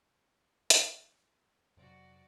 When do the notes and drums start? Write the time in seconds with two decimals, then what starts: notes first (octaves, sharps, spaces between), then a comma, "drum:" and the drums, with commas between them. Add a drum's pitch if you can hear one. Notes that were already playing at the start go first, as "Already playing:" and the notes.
0.70 drum: hi-hat
1.77 F2 C3 F#3 F#4 D5